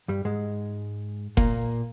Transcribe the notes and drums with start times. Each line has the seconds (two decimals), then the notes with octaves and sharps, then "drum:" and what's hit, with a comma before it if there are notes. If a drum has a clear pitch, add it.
0.08 G2 G3
0.25 G#2 G#3
1.37 A#2 A#3, drum: kick F#1